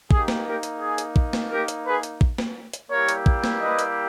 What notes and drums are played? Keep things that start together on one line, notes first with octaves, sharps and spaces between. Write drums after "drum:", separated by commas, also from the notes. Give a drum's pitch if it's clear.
A#3 D#4 G4 G#4, drum: kick
drum: snare
G4 A#4
drum: hi-hat
G#4
drum: hi-hat
drum: kick
drum: snare
G4 A#4
drum: hi-hat
G#4 B4
drum: hi-hat
drum: kick
drum: snare
drum: hi-hat
G3 A#3 E4 G4 A#4 C#5
drum: hi-hat
drum: kick
drum: snare
B4 D#5
drum: hi-hat